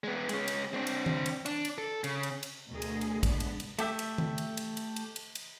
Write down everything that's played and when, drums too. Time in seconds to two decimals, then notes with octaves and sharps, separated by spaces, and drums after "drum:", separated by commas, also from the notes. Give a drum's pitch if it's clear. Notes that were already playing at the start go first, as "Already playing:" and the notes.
0.04 G#3 B3
0.29 G#3 C#4, drum: cymbal
0.48 drum: cymbal
0.74 C4 D4
0.87 drum: cymbal
1.06 drum: tom D#3
1.26 drum: cymbal
1.46 D4, drum: cymbal
1.65 drum: cymbal
1.78 A4
2.04 C#3, drum: cymbal
2.23 drum: cymbal
2.43 drum: cymbal
2.70 D2 B2 G#4 A#4
2.82 drum: cymbal
3.01 drum: cymbal
3.23 G#3 A3 B3 D4, drum: kick, cymbal
3.40 drum: cymbal
3.60 drum: cymbal
3.79 A3 G4 E5, drum: cymbal
3.99 drum: cymbal
4.18 drum: tom D#3
4.38 drum: cymbal
4.57 drum: cymbal
4.77 drum: cymbal
4.96 drum: cymbal
5.16 drum: cymbal
5.35 drum: cymbal